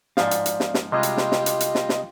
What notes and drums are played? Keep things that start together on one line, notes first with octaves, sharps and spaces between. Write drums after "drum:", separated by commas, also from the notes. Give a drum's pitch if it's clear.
G#2 F3 D5 F5, drum: snare
drum: hi-hat
drum: hi-hat
drum: snare
drum: snare
C3 G3 G#3 F4 G4 D#5 C6
drum: hi-hat
drum: snare
drum: snare
drum: hi-hat
drum: hi-hat
drum: snare
drum: snare